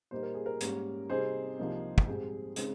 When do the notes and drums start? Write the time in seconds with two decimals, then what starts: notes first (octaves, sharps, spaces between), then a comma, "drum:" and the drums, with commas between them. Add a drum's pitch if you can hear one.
0.11 A#2 G3 A#3 D#4 C5
0.23 A#4
0.34 G#4
0.46 A#4
0.61 G#2 G3 A#3 C#4, drum: hi-hat
1.10 C3 G3 C4 D#4 G#4 C5
1.59 C2 C3 F3 A#3 D#4
1.98 drum: kick
2.08 G#2 G3 C4 G#4
2.56 C#3 G#3 C4 D#4, drum: hi-hat